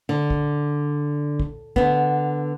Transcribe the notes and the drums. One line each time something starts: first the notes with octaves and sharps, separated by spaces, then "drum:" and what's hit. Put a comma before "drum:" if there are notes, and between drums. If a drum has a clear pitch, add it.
D3
drum: kick
drum: kick
D3 B3, drum: kick